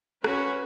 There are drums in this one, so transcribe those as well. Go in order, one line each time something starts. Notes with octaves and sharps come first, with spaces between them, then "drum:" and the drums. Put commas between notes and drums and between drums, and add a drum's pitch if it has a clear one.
C#4 F#4 B4, drum: rim click